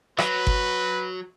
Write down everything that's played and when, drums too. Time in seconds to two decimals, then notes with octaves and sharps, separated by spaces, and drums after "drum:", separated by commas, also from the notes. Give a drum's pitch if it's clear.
0.18 F#3 B4, drum: rim click
0.47 drum: kick G1